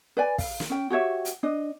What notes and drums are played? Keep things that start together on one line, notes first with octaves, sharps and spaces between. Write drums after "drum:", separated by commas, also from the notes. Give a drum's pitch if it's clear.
B4 D5 G#5
F5, drum: kick, open hi-hat
drum: snare
C#4 G5
F#4 G4 C#5 E5
drum: hi-hat
D4 D#5